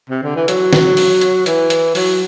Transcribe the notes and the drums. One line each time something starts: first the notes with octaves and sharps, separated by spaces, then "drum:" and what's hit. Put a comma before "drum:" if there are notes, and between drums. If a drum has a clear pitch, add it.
C3
D3
E3
F#3, drum: hi-hat
drum: snare
drum: open hi-hat
drum: hi-hat
E3, drum: hi-hat
drum: hi-hat
F#3, drum: open hi-hat